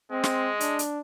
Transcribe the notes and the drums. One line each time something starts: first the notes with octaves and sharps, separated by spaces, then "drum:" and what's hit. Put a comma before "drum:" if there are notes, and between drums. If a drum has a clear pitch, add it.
G#3 C4
drum: snare
D4, drum: hi-hat
drum: hi-hat